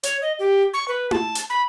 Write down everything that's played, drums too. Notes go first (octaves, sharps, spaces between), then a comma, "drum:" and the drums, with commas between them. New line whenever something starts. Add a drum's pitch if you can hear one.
C#5, drum: hi-hat
D#5
G4
C#6
B4
A5, drum: tom E4
drum: hi-hat
B5